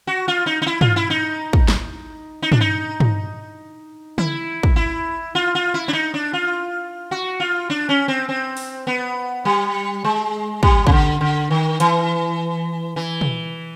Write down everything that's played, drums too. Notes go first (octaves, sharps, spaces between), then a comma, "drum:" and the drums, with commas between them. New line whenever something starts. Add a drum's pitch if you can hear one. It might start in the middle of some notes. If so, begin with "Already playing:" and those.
F#4
F4
D#4
D#4
E4
F4, drum: tom
E4
D#4
drum: kick
drum: snare
D#4
D4, drum: tom
D#4
drum: tom
E4, drum: tom
drum: kick
E4
F4
F4
E4
D4
D#4
D4
F4
F#4
F4
D4
C#4
C4
C4
drum: open hi-hat
B3
G3
G#3
G3, drum: kick
C#3, drum: kick
D3
D3
D#3
E3, drum: hi-hat
E3
drum: tom